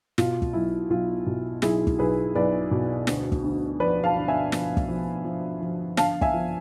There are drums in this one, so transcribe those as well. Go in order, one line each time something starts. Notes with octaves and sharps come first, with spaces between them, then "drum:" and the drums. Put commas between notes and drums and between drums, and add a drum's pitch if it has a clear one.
B2 F4, drum: snare
drum: kick
B1 E4
B1 F4
B2
B1 E4 G#4, drum: snare
drum: kick
B1 G#4 B4
B1 B4 D5
B2
D2, drum: snare
drum: kick
D2
F3 B4 D5
F5 A5
D3
E5 G#5
F3, drum: snare
drum: kick
F3
F3
F3
D3 F5 A5, drum: snare
E5 G#5, drum: kick
F3